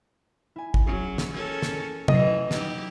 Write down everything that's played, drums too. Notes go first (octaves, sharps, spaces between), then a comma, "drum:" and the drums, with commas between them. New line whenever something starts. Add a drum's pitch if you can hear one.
E4 G#5
drum: kick
F#3 C#4 G#4
drum: snare
C#4 A4 A#4 G#6
drum: snare
B2 E3 F#3 D#5, drum: tom C3
D#4 E4 G4, drum: snare